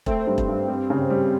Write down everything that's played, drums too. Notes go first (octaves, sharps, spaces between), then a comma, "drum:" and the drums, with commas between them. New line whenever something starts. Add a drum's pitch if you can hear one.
A3 C4, drum: kick E1
G2
drum: kick E1
G2
G3
C#3
G3